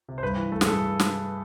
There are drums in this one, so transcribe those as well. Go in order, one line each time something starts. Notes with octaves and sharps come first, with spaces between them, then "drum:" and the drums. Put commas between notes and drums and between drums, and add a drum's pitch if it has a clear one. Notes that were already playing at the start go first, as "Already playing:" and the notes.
C3
C5
G2 B4
E3
A3 A4
G#4, drum: snare
G2 A4
drum: snare